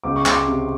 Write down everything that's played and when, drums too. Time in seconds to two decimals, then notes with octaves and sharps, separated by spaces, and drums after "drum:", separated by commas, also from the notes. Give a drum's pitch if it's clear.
0.04 C#2 D6
0.16 C#6
0.26 C#2 C6 D6, drum: clap
0.47 C3